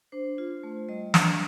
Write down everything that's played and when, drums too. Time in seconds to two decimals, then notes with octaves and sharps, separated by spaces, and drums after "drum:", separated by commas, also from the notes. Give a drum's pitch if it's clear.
0.12 D4 C5
0.38 F4
0.63 A3
0.89 G3 D#5
1.14 D4, drum: snare